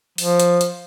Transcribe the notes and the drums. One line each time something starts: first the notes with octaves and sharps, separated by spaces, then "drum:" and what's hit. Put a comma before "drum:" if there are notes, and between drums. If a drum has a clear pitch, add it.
F3, drum: open hi-hat
drum: hi-hat
drum: hi-hat